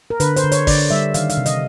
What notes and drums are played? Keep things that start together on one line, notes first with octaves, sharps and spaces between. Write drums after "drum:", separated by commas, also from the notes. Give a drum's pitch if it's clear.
A#4
D3 B4, drum: hi-hat
C5, drum: hi-hat
D3
C#5, drum: hi-hat
D3 D5, drum: kick, open hi-hat
G3 E5
D#3 F5, drum: hi-hat
F5, drum: hi-hat
C3
D#5, drum: hi-hat